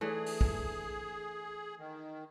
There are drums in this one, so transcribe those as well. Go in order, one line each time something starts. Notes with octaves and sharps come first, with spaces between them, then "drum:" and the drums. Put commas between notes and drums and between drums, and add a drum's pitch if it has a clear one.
E3 A3 D4 G#4
drum: open hi-hat
drum: kick
D#3